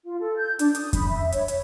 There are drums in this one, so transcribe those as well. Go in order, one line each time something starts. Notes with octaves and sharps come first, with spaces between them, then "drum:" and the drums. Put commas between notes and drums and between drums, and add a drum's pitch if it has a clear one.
F4
A4
G6
D4, drum: hi-hat
D#6, drum: hi-hat
B5, drum: kick F2, hi-hat
E5
C#5, drum: hi-hat
drum: hi-hat